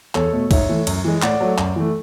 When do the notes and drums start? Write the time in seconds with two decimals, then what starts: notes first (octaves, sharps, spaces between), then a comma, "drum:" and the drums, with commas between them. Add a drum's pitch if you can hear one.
0.15 E2 A4 C#5, drum: clap
0.33 B2 A3
0.51 G#2 C#5 E5, drum: kick C2, cymbal
0.69 E3 A3
0.87 F#2, drum: cymbal
1.04 E3 G#3
1.22 A2 D5 F#5, drum: clap
1.41 F#3 A3
1.58 F#2, drum: clap
1.76 E3 A3